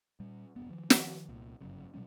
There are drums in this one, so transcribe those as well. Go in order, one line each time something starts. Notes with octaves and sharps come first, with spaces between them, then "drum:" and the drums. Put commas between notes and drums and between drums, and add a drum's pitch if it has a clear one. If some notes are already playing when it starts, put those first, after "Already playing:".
A#2 G3
E1 G2 B3
D#3 F3
drum: snare
C2 A#2
G1 F#2 C#3
B2 F#3 G3 C#4